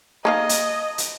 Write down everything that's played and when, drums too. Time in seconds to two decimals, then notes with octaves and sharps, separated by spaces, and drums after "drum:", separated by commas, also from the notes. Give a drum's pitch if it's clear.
0.25 A#3 D#4 D#5 F5 A5 A#5 G#6
0.49 drum: hi-hat
0.98 drum: hi-hat